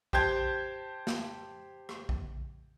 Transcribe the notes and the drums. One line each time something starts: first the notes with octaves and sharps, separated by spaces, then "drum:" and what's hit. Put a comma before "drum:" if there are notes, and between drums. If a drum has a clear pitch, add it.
G4 C5 A5 G6 G#6, drum: kick A#1
drum: snare
drum: rim click
drum: kick A#1